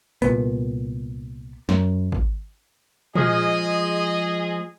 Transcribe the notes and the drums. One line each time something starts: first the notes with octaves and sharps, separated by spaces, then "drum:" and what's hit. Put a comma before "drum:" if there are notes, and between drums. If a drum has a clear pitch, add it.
C2 A#2 B3, drum: hi-hat
F#2, drum: snare
drum: kick
F3 G#3 G#4 D#5, drum: tom